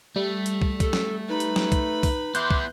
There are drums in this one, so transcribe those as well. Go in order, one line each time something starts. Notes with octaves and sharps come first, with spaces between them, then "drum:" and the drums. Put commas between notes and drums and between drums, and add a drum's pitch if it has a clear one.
G3 A3
drum: hi-hat
drum: kick
A4, drum: kick, hi-hat
drum: snare
D#4 B4 B5
drum: hi-hat
drum: snare
drum: kick, hi-hat
drum: kick, open hi-hat
B3 E4 C6 D6 F#6 G6, drum: hi-hat
drum: kick